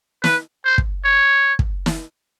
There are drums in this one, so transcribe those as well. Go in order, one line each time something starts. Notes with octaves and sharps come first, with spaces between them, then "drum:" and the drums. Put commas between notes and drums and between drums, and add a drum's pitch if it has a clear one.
B4, drum: snare
C5
drum: kick
C#5
drum: kick
drum: snare